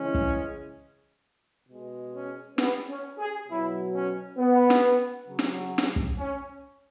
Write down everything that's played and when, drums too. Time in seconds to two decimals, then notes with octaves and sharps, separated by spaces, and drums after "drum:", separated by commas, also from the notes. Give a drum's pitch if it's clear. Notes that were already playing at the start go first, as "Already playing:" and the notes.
Already playing: C#3 E3 G#3 C#4
0.14 drum: kick
1.68 B2 G#3
2.14 C#4
2.58 B3, drum: snare
2.88 C#4
3.18 G#4
3.48 B2 F#3 E4
3.92 C#4
4.38 B3
4.70 drum: snare
5.28 C#3 F#3
5.39 drum: snare
5.78 drum: snare
5.96 drum: kick
6.18 C#4